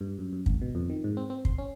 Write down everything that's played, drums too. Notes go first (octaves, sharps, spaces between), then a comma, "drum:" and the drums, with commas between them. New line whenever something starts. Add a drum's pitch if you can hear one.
G2
F#2
F#2
G#1, drum: kick
B2
F2
D#3
G#2
C4
C4
C6, drum: kick
C#4